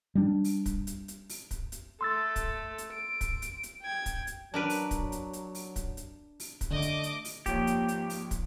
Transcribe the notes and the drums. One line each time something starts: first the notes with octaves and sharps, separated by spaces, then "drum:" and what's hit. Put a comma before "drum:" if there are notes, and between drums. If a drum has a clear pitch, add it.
G3 D4
drum: open hi-hat
drum: kick, hi-hat
drum: hi-hat
drum: hi-hat
drum: open hi-hat
drum: kick, hi-hat
drum: hi-hat
A3 A4 C6 E6 A6
drum: kick, hi-hat
drum: hi-hat
D7
drum: kick, hi-hat
drum: hi-hat
drum: hi-hat
G5 G#6
drum: kick, hi-hat
drum: hi-hat
F#3 D4 A#4 B4
drum: open hi-hat
drum: kick, hi-hat
drum: hi-hat
drum: hi-hat
drum: open hi-hat
drum: kick, hi-hat
drum: hi-hat
drum: open hi-hat
drum: kick, hi-hat
D3 A3 D#5 D6
drum: hi-hat
drum: hi-hat
drum: open hi-hat
G#1 F3 A#3 G4 C#5, drum: kick, hi-hat
drum: hi-hat
drum: hi-hat
drum: open hi-hat
drum: kick, hi-hat